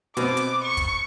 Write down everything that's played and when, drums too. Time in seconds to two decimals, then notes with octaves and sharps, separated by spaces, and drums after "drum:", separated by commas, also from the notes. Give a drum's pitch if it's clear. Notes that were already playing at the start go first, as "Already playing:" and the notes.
0.17 B2 C4 D6, drum: hi-hat
0.37 drum: hi-hat
0.64 C#6
0.77 drum: kick, hi-hat